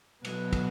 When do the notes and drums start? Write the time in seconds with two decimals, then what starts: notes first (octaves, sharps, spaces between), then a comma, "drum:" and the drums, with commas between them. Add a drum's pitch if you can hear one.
0.25 B2 F#3 B3 B4, drum: cymbal
0.53 drum: kick, cymbal